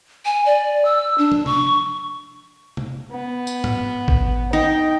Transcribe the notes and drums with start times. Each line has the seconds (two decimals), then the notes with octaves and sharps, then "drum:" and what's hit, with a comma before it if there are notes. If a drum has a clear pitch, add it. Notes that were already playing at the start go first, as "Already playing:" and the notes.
0.25 G#5
0.46 D5
0.85 E6
1.18 D4
1.32 drum: tom
1.46 C#6, drum: tom C3
2.77 drum: tom C3
3.12 B3
3.47 drum: tambourine
3.64 drum: tom G#2
4.08 drum: kick
4.53 D#4 G5